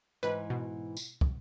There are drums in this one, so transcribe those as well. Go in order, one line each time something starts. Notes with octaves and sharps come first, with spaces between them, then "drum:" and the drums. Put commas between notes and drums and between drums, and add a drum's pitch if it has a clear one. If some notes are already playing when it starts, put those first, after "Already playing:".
G#2 E3 B4
B2
drum: tambourine
drum: kick